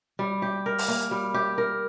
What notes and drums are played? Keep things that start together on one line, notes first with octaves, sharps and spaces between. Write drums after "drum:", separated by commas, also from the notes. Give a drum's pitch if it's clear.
G3
G4
A#4
drum: open hi-hat
A#3
G3
G4
A#4